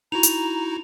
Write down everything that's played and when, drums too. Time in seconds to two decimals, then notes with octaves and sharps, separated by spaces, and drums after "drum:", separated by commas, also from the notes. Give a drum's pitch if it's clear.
0.12 D#4 E4 F#4 A#5 F7
0.23 drum: hi-hat